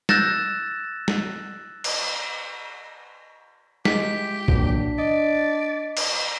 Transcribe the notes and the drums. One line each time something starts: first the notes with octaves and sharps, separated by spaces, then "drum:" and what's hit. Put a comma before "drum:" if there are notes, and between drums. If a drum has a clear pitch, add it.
E6 F#6 G6 A6 A#6 E7, drum: snare
drum: snare
drum: cymbal
G#3 E4 G4 B6, drum: snare
A#2 E3 F#3 D4, drum: kick B1
D5 D#5
drum: cymbal